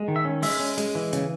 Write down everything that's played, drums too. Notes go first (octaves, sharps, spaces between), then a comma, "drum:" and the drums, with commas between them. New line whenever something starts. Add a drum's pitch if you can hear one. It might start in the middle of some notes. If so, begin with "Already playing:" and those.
Already playing: G#3
D#3
E5
C#4
G#3 E5, drum: open hi-hat
C#4
G#3, drum: hi-hat
E3
C#3, drum: hi-hat